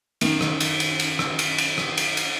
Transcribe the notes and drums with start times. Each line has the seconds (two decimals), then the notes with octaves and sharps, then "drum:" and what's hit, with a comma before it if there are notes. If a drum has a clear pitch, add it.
0.21 F#2 D#3, drum: cymbal
0.41 drum: rim click
0.60 drum: cymbal
0.80 drum: cymbal
1.00 drum: cymbal
1.19 drum: rim click
1.39 drum: cymbal
1.58 drum: cymbal
1.78 drum: rim click
1.97 drum: cymbal
2.17 drum: cymbal